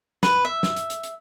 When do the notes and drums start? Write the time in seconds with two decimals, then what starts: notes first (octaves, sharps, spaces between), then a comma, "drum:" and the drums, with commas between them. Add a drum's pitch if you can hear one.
0.23 B4, drum: snare
0.45 E5
0.63 drum: snare
0.77 drum: hi-hat
0.90 drum: hi-hat
1.03 drum: hi-hat